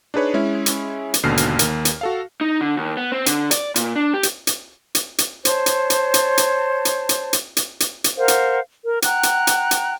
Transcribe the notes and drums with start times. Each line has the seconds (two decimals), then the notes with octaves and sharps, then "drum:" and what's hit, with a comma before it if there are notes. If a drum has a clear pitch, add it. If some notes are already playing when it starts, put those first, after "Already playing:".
0.14 D4 D#4 G#4 B4 C#5
0.34 G#3 C#4 E4
0.66 drum: hi-hat
1.14 drum: hi-hat
1.23 G#1 D#2 B2 D3 F6 C7
1.37 drum: hi-hat
1.59 D#2 A#4, drum: hi-hat
1.85 drum: hi-hat
2.01 F#4 A4 F5
2.41 D#4
2.61 D3
2.77 D#2
2.97 B3
3.12 C4
3.26 D3, drum: hi-hat
3.51 D5, drum: hi-hat
3.76 A#2, drum: hi-hat
3.95 D4
4.14 G4
4.23 drum: hi-hat
4.47 drum: hi-hat
4.95 drum: hi-hat
5.18 drum: hi-hat
5.45 C5 C#5 A5, drum: hi-hat
5.66 drum: hi-hat
5.90 drum: hi-hat
6.14 drum: hi-hat
6.38 drum: hi-hat
6.85 drum: hi-hat
7.09 drum: hi-hat
7.33 drum: hi-hat
7.57 drum: hi-hat
7.80 drum: hi-hat
8.04 drum: hi-hat
8.16 A#4 C5 F5 F#5
8.28 drum: hi-hat
8.84 A#4
9.02 F#5 G5 A#5 F#6, drum: hi-hat
9.23 drum: hi-hat
9.47 drum: hi-hat
9.71 drum: hi-hat